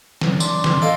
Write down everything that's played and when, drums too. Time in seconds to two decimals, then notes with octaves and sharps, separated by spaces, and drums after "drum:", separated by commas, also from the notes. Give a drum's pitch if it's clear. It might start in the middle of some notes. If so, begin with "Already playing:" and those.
0.21 F#3, drum: snare E3
0.40 D4 C6, drum: tambourine
0.64 drum: snare E3
0.82 A4 D#5 F5 G5